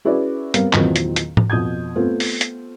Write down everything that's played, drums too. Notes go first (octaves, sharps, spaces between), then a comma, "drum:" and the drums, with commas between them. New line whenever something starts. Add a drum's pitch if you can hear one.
C#4 E4 F#4 G#4 B4 D5
G3 B3 C4 A#4 C5 F5, drum: hi-hat
E2 A#2 D#3 E3 F#3 C4, drum: clap
drum: hi-hat
drum: hi-hat
drum: tom A2
F2 B2 D#6 G6 G#6
A3 B3 C4 F4
drum: open hi-hat
drum: hi-hat